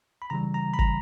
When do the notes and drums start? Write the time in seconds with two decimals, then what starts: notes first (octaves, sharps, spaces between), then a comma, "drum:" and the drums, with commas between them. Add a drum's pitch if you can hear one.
0.22 B5
0.30 C#3 E3 G3 A#5
0.54 A#5
0.74 B5
0.79 A#5, drum: kick